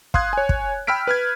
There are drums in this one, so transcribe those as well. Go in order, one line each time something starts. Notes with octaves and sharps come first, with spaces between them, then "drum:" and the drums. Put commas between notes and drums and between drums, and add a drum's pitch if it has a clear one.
F5 C6 D#6 F#6 G#6, drum: kick
C#5 G#5
drum: kick
G5 B5 E6 F6 B6 D7
B4 F6 G#6